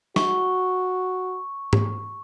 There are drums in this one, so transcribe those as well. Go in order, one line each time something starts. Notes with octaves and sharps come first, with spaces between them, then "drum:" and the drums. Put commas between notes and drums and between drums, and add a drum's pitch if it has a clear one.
F#4 C#6, drum: snare
drum: tom G#2